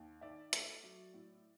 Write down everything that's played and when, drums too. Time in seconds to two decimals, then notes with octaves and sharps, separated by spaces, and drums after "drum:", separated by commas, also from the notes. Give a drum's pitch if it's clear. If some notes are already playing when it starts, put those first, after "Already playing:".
Already playing: D#2
0.21 D#3 D5 E5
0.53 A3, drum: hi-hat
0.83 F#3
1.14 A2